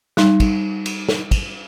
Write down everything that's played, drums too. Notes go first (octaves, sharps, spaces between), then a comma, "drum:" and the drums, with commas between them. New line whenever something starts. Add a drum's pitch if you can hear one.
G3 D#4, drum: snare
drum: kick, cymbal
drum: cymbal
drum: snare
drum: kick, cymbal